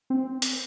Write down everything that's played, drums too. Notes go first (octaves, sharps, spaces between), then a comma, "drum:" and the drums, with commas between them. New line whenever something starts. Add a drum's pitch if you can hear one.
C4
drum: hi-hat